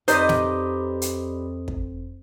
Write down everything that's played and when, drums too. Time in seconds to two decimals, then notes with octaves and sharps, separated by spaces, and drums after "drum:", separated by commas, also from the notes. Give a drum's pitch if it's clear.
0.08 F2 D#4 G4 B4 C5 D5 D#5, drum: hi-hat
0.29 drum: snare
1.02 drum: hi-hat
1.68 drum: kick